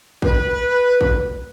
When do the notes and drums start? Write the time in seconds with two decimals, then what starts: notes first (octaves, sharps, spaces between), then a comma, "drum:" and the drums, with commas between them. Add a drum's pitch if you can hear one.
0.22 B4, drum: kick
1.01 drum: kick